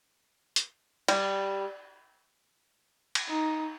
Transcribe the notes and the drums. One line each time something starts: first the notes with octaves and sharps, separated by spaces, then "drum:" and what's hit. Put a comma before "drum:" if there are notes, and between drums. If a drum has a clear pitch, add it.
drum: hi-hat
G3, drum: cymbal
drum: cymbal
D#4